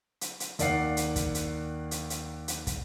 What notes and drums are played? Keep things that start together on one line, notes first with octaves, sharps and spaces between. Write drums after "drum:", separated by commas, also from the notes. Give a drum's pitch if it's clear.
drum: hi-hat
drum: hi-hat
D#2 A#3 D5 F5 F#5 C7, drum: hi-hat
drum: hi-hat
drum: kick, hi-hat
drum: hi-hat
drum: hi-hat
drum: hi-hat
drum: hi-hat
drum: kick, hi-hat